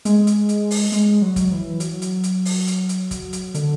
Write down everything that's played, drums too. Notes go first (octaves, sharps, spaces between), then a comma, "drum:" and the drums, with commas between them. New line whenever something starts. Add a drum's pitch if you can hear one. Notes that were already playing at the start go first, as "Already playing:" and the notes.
G#3, drum: hi-hat
drum: hi-hat
drum: hi-hat
drum: open hi-hat
G#3, drum: hi-hat
F#3
drum: kick, hi-hat
E3
F#3, drum: hi-hat
drum: hi-hat
drum: hi-hat
drum: open hi-hat
drum: hi-hat
drum: hi-hat
drum: kick, hi-hat
drum: hi-hat
D3, drum: hi-hat